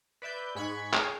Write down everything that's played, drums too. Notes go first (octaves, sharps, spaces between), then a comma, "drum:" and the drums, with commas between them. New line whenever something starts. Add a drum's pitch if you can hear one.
B4 D5 E5 G6
G#2 G#3 B5 C#6 F#6 G#6
G#4 A#4 C#5 F5 G5 A#5, drum: clap